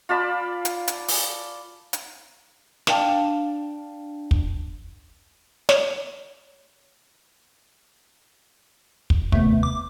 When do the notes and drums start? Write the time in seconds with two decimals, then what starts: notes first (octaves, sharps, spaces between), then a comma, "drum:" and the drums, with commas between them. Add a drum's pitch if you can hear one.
0.09 F4 D5 A5 B5
0.65 drum: hi-hat
0.88 drum: hi-hat
1.08 drum: open hi-hat
1.93 drum: hi-hat
2.87 D4 D5 F5 G5 A5, drum: snare
4.31 drum: kick
5.69 C#5, drum: snare
9.10 drum: kick
9.32 D#2 C3 A3 B3, drum: kick
9.63 D6